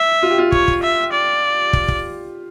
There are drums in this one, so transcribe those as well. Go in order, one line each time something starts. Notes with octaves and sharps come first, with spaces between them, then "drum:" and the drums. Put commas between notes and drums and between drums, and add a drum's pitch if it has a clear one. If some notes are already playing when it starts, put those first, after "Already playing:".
Already playing: E5
F4
G4
F4
C#5, drum: kick
drum: kick
E5
D5
drum: kick
drum: kick